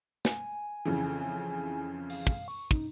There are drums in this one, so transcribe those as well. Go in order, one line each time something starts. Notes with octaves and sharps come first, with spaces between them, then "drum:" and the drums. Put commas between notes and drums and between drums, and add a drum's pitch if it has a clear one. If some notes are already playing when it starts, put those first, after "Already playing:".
G#5, drum: snare
F2 C#3 E3
F5, drum: open hi-hat
drum: kick
C#6
D#4, drum: kick